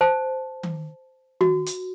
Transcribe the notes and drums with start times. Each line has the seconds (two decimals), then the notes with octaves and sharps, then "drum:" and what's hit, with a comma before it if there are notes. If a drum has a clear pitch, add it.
0.01 C5 A5
0.63 drum: tom D#3
1.41 F#4, drum: tom D#3
1.66 drum: hi-hat